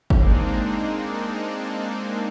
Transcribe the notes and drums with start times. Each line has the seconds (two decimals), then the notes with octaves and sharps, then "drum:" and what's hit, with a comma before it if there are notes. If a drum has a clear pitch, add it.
0.10 G#3 A#3 C4 D4 D#4, drum: kick G1